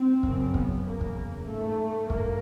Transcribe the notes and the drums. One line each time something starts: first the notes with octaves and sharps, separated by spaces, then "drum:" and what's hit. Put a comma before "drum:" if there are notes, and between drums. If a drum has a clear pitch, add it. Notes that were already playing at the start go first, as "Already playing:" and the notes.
Already playing: C4
F#2 C#3, drum: kick
B3, drum: kick
E2 C#3 A#3
drum: kick
G#2 A3
G2 A#3, drum: kick